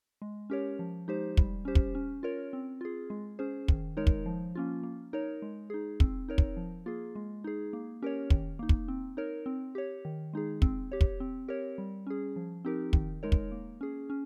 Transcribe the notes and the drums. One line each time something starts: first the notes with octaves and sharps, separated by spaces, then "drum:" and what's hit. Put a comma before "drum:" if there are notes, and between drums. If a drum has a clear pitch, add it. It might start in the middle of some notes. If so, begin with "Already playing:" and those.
G#3
C#4 G4 A#4 C#5
F3
G#3 D#4 G4 C5
G3, drum: kick
C#4 G4 C5
drum: kick
C#4
F4 A#4 C#5
C4
F4 G#4
G#3
C#4 G#4 C5
D#3, drum: kick
G#3 D#4 A#4 C#5
drum: kick
F3
A#3 C#4 F4
A#3
D#4 A#4 C#5
G#3
D#4 G#4
C4, drum: kick
D#4 A#4 C#5
drum: kick
F3
A#3 F4 G#4
G#3
D#4 G#4
A#3
C#4 G4 A#4 C#5
D#3, drum: kick
A#3 D#4
drum: kick
C4
D#4 A#4 C#5
C4
G4 C#5
D#3
G#3 D#4 G#4
C4, drum: kick
G4 C#5
drum: kick
C4
G4 A#4 C#5
G3
C#4 G#4
F3
C4 D#4 G4 A#4
D#3, drum: kick
G#3 D#4 A#4 C#5
drum: kick
A#3
C#4 G#4
C#4